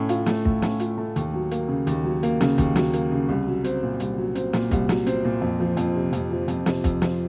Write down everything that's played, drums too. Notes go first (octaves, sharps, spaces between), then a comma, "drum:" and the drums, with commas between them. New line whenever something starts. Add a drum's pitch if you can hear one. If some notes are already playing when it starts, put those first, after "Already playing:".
Already playing: A2 A3 C#4
F4, drum: hi-hat
A3, drum: snare
A2, drum: kick
C#4, drum: snare
F4, drum: hi-hat
A3
D#2, drum: hi-hat
F#3
A#3, drum: hi-hat
C#3
D#2, drum: hi-hat
F#3
A#3, drum: hi-hat
C#3, drum: snare
D#2, drum: kick, hi-hat
F#3, drum: snare
A#3, drum: hi-hat
C#3
C2
F#3
C4, drum: hi-hat
A#2
C2, drum: hi-hat
F#3
C4, drum: hi-hat
A#2, drum: snare
C2, drum: kick, hi-hat
F#3, drum: snare
C4, drum: hi-hat
A#2
F2
F3
F2, drum: hi-hat
C3
F2, drum: hi-hat
F3
F2, drum: hi-hat
C3, drum: snare
F2, drum: kick, hi-hat
F3, drum: snare